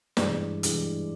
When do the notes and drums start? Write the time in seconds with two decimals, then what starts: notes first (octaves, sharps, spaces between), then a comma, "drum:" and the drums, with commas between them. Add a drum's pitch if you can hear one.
0.17 G2 E3 G#3 D5, drum: snare
0.63 G2 E3 G#3, drum: hi-hat